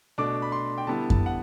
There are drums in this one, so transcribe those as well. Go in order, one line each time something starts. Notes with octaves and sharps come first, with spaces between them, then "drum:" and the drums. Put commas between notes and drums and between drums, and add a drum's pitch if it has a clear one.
B2 A3 D4 D6
B5
C6
G5
D3 G3 B3 E4 A5
A5, drum: kick F#2
F#5